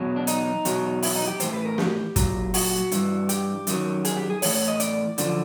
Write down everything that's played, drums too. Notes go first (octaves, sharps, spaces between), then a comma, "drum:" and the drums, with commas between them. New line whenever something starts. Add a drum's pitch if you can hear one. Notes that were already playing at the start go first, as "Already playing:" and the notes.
Already playing: E2 B2 F#3
D4
D#4, drum: hi-hat
E2 B2 F#3, drum: hi-hat
E4, drum: open hi-hat
D#4
G4
A2 E3 C5, drum: hi-hat
B4
A#4
G4, drum: snare
A#2 F#3, drum: kick, hi-hat
F#4, drum: open hi-hat
G2 E3, drum: hi-hat
G4, drum: hi-hat
F#2 D#3 F#3, drum: hi-hat
G#4, drum: hi-hat
G4
G#4
A2 E3 C#5, drum: open hi-hat
C#5
D#5
D5, drum: hi-hat
F#2 D3 F3, drum: hi-hat